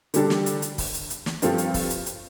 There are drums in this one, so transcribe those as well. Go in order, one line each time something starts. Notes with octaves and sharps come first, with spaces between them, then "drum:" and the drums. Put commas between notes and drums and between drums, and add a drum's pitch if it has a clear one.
D3 G3 D4 A4, drum: hi-hat
drum: snare
drum: hi-hat
drum: hi-hat
drum: kick, open hi-hat
drum: hi-hat
drum: hi-hat
drum: snare
G2 F3 C4 F4 A4, drum: hi-hat
drum: hi-hat
drum: kick, open hi-hat
drum: hi-hat
drum: hi-hat